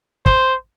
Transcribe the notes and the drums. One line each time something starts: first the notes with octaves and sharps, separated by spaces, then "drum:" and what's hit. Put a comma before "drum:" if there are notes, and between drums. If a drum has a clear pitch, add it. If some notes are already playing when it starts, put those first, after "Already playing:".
C5, drum: kick